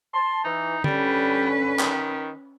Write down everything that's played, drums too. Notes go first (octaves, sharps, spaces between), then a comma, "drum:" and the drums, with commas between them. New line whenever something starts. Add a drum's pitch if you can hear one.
A5 C6
E3 D#4
D3 G3 C#4 B4, drum: tom
D#3, drum: clap